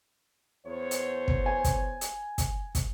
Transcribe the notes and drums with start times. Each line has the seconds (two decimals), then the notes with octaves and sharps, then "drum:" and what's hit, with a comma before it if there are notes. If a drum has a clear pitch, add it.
0.66 E2 C5 C#5
0.91 drum: hi-hat
1.28 drum: kick
1.46 G#5
1.64 drum: kick, hi-hat
2.01 drum: hi-hat
2.38 drum: kick, hi-hat
2.75 drum: kick, hi-hat